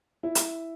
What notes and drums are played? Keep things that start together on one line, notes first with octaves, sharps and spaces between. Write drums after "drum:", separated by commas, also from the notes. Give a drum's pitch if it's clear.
E4
drum: hi-hat